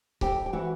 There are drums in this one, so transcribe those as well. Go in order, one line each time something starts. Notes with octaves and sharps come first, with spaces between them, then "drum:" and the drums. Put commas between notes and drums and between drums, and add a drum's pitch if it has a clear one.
F2 G4 G5, drum: kick C#1
G5
E3 F#4 F#5